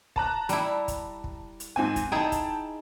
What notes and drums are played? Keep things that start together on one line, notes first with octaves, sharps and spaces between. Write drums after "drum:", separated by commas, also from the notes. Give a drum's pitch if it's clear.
A5 A#5 F#6, drum: kick
G3 E4, drum: hi-hat
drum: kick, hi-hat
drum: kick
drum: hi-hat
G#2 C4 G#5
drum: kick, hi-hat
D#4 E4 G#4 G5 A5
drum: kick, hi-hat